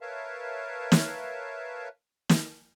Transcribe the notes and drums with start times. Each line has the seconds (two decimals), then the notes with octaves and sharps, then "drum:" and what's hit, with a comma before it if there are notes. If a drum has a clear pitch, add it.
0.01 A#4 B4 C#5 E5 F5 A5
0.92 drum: snare
2.29 drum: snare